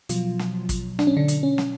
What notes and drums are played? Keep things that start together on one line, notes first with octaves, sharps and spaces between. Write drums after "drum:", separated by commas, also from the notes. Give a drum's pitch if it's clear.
B2 F3 F#3 F4, drum: hi-hat
drum: snare
drum: kick, hi-hat
D4, drum: snare
C#4
D3 D4
drum: hi-hat
C#4
drum: snare